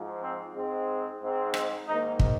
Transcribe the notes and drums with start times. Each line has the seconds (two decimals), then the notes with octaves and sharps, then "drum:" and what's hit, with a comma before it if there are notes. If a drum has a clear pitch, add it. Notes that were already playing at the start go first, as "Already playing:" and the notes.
Already playing: G#2 F3
0.23 C4
0.56 G#2 G#3 C4
1.21 G#2 G#3 C4
1.54 C4, drum: rim click
1.87 G#2 D#3 A#3 D#4
2.19 drum: kick